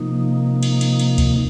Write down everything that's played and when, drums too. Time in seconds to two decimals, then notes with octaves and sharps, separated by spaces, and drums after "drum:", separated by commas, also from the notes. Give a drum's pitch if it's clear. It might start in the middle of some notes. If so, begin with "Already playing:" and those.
Already playing: C3 F3 A#3 D#4
0.63 drum: cymbal
0.81 drum: cymbal
1.00 drum: cymbal
1.18 drum: kick C#2, cymbal